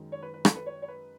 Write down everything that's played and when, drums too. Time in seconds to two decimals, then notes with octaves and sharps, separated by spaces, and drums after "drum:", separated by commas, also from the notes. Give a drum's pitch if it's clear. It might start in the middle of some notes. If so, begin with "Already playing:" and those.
Already playing: F#2 D#3 G#3
0.12 C#5
0.23 B4
0.34 B4
0.45 A4, drum: rim click
0.56 B4
0.66 C#5
0.82 C#5
0.88 B4